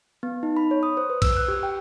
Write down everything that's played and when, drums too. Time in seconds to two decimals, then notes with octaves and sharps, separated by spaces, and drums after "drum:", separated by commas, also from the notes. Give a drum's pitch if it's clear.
0.23 B3
0.43 D#4
0.57 B5
0.71 C#5
0.83 D#6
0.97 C5
1.10 B4
1.22 E6, drum: kick, cymbal
1.37 F#6
1.48 G4
1.63 G5